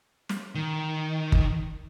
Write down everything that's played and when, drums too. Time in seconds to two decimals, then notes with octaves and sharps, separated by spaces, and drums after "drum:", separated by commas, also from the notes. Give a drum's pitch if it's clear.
0.29 drum: snare
0.55 D#3
1.32 drum: kick G1